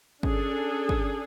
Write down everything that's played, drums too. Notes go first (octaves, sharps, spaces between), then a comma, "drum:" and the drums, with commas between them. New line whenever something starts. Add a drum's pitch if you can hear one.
C#4 D4 G#4 A4, drum: kick
drum: kick